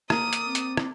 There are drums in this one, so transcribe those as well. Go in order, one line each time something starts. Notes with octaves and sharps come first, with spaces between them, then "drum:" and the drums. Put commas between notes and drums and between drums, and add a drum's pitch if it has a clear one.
A#3 A#4 D5 D#6, drum: rim click
drum: hi-hat
C4
drum: hi-hat
drum: rim click